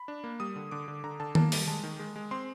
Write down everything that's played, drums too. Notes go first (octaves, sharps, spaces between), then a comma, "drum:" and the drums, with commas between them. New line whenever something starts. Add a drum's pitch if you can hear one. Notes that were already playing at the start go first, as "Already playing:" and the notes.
Already playing: B5
D4
A#3
G3 D#6
D3
D3 D6
D3
D3 A#5
D3 A5
A#3 A5, drum: tom D#3
G3, drum: open hi-hat
G#3 A5
D#3
G#3
G#3
C4 C6